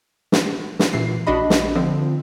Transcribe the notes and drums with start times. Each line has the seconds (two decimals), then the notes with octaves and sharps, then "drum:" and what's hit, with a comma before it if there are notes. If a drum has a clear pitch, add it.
0.32 drum: snare
0.79 drum: snare
0.93 A#2 E3 C7
1.27 A#1 D4 F#4 D#5 B5
1.50 drum: snare
1.75 D3 F3 C4